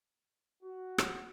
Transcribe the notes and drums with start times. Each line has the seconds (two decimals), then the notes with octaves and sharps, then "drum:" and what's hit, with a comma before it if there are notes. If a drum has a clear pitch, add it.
0.63 F#4
0.98 drum: rim click